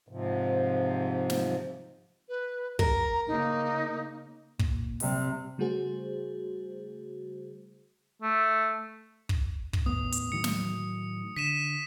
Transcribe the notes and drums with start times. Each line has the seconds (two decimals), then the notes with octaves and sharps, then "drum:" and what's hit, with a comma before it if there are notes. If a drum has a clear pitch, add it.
0.09 G#2 C3 F3
1.30 drum: snare
2.29 B4
2.79 A#4 A#5, drum: kick
3.27 C#3 A#3 D#4
4.59 A#2, drum: kick
5.00 C3 G3, drum: open hi-hat
5.58 C#3 G3 A3 F#4 G#4 C5
8.22 A3
9.29 drum: kick
9.73 drum: kick
9.86 D#2 A2 B3 D#6
10.12 drum: hi-hat
10.32 A2 D#3 F#3 C#7
10.44 drum: snare
11.36 D3 B6 D#7 E7